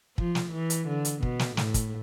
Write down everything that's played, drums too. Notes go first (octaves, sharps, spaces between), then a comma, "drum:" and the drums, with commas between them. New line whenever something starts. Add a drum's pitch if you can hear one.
F3, drum: kick
drum: snare
E3
drum: hi-hat
D3
drum: hi-hat
B2, drum: kick
drum: snare
A2, drum: snare
drum: kick, hi-hat